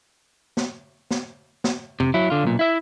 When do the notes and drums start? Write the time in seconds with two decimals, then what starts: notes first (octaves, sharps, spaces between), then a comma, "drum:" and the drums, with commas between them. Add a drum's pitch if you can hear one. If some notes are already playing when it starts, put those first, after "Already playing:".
0.57 drum: snare
1.11 drum: snare
1.64 drum: snare
2.00 C3, drum: tom F2
2.14 F#3 E4
2.30 D3 F4
2.44 B1 A#2
2.59 E4 E5